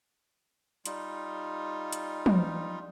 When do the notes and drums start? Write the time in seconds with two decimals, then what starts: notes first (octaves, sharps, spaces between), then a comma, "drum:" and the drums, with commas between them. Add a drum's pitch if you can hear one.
0.86 G3 D#4 F4, drum: hi-hat
1.92 drum: hi-hat
2.26 drum: tom